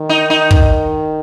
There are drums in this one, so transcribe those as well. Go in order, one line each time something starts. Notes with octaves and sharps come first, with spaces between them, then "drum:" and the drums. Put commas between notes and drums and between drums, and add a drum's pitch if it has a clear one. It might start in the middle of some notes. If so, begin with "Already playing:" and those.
Already playing: D#3
D#4
D#4
drum: kick